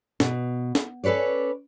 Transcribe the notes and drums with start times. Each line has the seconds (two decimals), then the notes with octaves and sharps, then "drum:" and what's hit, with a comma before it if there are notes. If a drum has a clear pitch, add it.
0.20 B2, drum: snare
0.75 drum: snare
1.04 C#4 A4 B4 C#5 D5